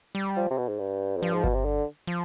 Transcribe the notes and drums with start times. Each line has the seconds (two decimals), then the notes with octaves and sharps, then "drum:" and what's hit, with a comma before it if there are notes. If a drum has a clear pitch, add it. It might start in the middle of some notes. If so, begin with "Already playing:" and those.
0.15 G3
0.37 F3
0.51 C3
0.58 B2
0.68 G#2
0.79 G2
1.17 F2
1.22 G2 F3
1.34 G#2
1.44 B2, drum: kick G1
1.54 C3
1.65 D3
2.07 F3